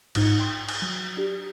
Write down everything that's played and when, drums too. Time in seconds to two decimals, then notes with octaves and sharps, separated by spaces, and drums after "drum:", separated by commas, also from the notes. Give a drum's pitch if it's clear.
0.15 A#1 G#2 D#4 G#6 C#7, drum: cymbal
0.39 G5 C6 C#6 D#6
0.68 G#5, drum: cymbal
0.82 F#3
1.17 D4 G4